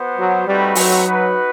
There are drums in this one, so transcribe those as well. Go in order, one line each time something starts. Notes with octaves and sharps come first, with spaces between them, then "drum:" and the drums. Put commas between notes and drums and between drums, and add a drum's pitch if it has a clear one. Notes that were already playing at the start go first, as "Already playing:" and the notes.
Already playing: B3 F#4 C5
F#3
G3 A3 C4 D#4 F#4 B4
F#3, drum: open hi-hat
D#4 F#4 B4